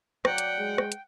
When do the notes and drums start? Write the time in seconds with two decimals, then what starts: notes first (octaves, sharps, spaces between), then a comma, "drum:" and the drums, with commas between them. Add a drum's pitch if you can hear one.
0.25 F#3 D5 F#5 G5, drum: rim click
0.38 drum: hi-hat
0.59 G#3
0.78 drum: rim click
0.92 drum: hi-hat